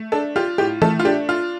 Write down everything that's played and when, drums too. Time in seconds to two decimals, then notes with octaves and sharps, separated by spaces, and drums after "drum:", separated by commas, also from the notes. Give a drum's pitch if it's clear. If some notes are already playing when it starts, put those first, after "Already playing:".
Already playing: A3
0.12 D4 A4
0.36 F4 G4
0.58 A2 G4
0.82 A3 A4, drum: tom E3
0.99 F4
1.05 D4 G4
1.29 F4